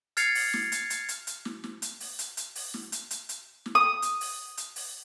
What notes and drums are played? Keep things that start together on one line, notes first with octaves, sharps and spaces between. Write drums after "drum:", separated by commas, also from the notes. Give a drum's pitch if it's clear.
F6 G#6 A6 C7 C#7 F7, drum: hi-hat
drum: open hi-hat
drum: snare
drum: hi-hat
drum: hi-hat
drum: hi-hat
drum: hi-hat
drum: snare
drum: snare
drum: hi-hat
drum: open hi-hat
drum: hi-hat
drum: hi-hat
drum: open hi-hat
drum: snare
drum: hi-hat
drum: hi-hat
drum: hi-hat
drum: snare
D#6
drum: hi-hat
drum: open hi-hat
drum: hi-hat
drum: open hi-hat